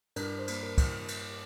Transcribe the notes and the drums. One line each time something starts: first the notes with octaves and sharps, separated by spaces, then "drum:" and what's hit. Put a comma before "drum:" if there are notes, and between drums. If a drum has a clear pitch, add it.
G2 A#4, drum: cymbal
C5
A#3, drum: cymbal
A#4
drum: kick, cymbal
drum: cymbal